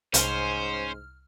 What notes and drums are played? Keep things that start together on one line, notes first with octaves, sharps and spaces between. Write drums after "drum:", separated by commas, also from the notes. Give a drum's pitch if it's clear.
C2 G#2 C#4 C5 C6 F6, drum: hi-hat